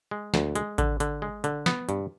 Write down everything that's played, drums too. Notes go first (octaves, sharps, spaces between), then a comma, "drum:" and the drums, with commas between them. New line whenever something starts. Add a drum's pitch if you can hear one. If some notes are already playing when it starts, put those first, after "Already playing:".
G#3
D2, drum: snare
G#3, drum: hi-hat
D3, drum: kick A1, hi-hat
D3, drum: hi-hat
G#3
D3, drum: hi-hat
B3, drum: snare
G2, drum: hi-hat